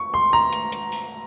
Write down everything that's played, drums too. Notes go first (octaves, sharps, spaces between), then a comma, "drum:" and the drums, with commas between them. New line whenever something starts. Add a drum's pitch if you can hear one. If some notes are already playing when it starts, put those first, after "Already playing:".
Already playing: C#6
C6
A#5
drum: hi-hat
drum: hi-hat
drum: open hi-hat